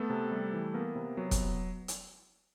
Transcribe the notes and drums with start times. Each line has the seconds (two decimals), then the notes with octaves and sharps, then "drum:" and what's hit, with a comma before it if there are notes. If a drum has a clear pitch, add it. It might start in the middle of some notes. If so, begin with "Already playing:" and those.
Already playing: A3 B3 A4
0.10 C3
0.31 G3
0.54 E3
0.74 A#3 B3 A#4
0.95 C3
1.17 F#3 B3
1.31 drum: kick, hi-hat
1.88 drum: hi-hat